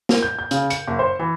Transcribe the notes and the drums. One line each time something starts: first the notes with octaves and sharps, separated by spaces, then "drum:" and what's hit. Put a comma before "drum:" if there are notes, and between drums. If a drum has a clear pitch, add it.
drum: snare
G6
G6
C#3, drum: hi-hat
C#7, drum: hi-hat
F#1
C5
E3